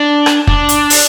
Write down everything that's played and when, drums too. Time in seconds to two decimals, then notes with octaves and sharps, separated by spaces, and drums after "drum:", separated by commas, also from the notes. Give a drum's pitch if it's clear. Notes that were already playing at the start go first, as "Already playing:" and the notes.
Already playing: D4
0.26 drum: rim click
0.47 D4, drum: kick
0.69 drum: hi-hat
0.90 drum: open hi-hat